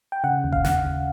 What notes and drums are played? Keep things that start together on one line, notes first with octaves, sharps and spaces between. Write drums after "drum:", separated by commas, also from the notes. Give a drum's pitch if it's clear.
G5
C#3 F#5
D#2
F5, drum: kick G1
D#2 F#5, drum: snare
C#3